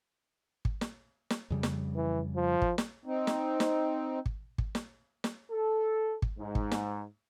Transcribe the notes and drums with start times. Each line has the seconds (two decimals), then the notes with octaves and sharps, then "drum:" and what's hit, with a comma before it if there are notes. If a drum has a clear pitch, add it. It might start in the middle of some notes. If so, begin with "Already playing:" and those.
0.65 drum: kick
0.81 drum: snare
1.30 drum: snare
1.50 F2 C#3 G3
1.63 drum: snare
1.96 E3
2.36 F3
2.62 drum: kick
2.78 drum: snare
3.05 C4 D#4
3.27 drum: snare
3.60 drum: snare
4.26 drum: kick
4.58 drum: kick
4.75 drum: snare
5.24 drum: snare
5.51 A4
6.22 drum: kick
6.39 G#2
6.55 drum: kick
6.71 drum: snare